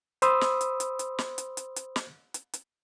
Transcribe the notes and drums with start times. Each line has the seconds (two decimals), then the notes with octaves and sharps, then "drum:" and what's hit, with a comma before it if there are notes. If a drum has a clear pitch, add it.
0.22 C5 B5 C6 D#6 E6, drum: hi-hat
0.41 drum: snare
0.61 drum: hi-hat
0.80 drum: hi-hat
0.99 drum: hi-hat
1.19 drum: snare
1.38 drum: hi-hat
1.57 drum: hi-hat
1.76 drum: hi-hat
1.96 drum: snare
2.34 drum: hi-hat
2.54 drum: hi-hat